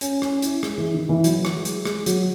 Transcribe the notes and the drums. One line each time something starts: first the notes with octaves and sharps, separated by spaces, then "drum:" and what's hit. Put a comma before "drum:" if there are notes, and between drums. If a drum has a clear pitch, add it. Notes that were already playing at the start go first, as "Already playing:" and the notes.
C#4, drum: hi-hat
C#4, drum: rim click
E4, drum: hi-hat
G#3, drum: rim click
E3
D#3
E3
F#3, drum: hi-hat
drum: rim click
G#3
drum: hi-hat
G#3, drum: rim click
F#3, drum: hi-hat